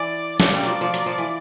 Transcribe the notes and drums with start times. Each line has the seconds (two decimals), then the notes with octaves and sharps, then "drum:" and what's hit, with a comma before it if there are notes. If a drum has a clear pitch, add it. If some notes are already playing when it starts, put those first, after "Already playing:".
Already playing: E3 D5
0.40 F3 D5, drum: snare
0.53 G3
0.63 F3 F#3
0.81 F3
0.94 F#3, drum: hi-hat
1.06 F3
1.18 E3